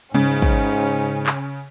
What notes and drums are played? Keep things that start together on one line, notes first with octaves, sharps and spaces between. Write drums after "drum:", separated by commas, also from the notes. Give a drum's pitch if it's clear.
G#2 C#3 C#4, drum: tom G3
drum: kick
drum: clap